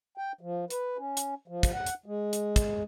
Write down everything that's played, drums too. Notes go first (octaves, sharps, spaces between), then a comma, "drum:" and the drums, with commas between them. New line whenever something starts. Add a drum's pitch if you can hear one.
G5
F3
B4, drum: hi-hat
C#4
drum: hi-hat
F3
drum: kick, hi-hat
F#5
drum: hi-hat
G#3
drum: hi-hat
drum: kick, hi-hat